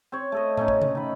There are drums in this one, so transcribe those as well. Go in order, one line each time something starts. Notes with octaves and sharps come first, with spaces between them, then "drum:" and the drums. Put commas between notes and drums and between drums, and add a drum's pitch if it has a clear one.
C4 C#5
A3 A4 D#5
A3 C#4 D#4, drum: tom A2
drum: kick
drum: tom C3
D#3 B5